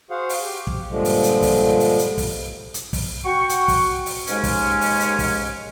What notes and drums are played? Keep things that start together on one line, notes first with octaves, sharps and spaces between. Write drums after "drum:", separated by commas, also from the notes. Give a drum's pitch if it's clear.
F#4 G#4 C5 F5 F#5
drum: open hi-hat
G4
drum: kick
G2 A#2 D3 F3 G#3
drum: open hi-hat
drum: hi-hat
drum: kick, open hi-hat
drum: open hi-hat
drum: hi-hat
drum: kick, open hi-hat
drum: hi-hat
drum: kick, open hi-hat
F#4 G5 C#6
drum: hi-hat
drum: kick, open hi-hat
drum: open hi-hat
D#2 G#2 G#3 C#4, drum: hi-hat
drum: kick, open hi-hat
drum: open hi-hat
drum: hi-hat
drum: kick, open hi-hat